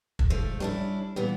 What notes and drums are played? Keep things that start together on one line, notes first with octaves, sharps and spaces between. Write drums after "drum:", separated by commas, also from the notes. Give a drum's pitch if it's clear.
drum: kick
G#2 F3 A3
G3 C#4 D4 E4
A#2 E3 G3 B3